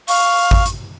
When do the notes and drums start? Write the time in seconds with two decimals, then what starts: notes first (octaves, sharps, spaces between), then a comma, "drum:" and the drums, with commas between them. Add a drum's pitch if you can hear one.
0.08 F5 C#6, drum: open hi-hat
0.37 drum: open hi-hat
0.51 drum: kick G#1
0.66 drum: hi-hat